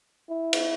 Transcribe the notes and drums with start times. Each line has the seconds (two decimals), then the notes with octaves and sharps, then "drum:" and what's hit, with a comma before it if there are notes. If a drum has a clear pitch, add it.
0.29 E4
0.53 drum: cymbal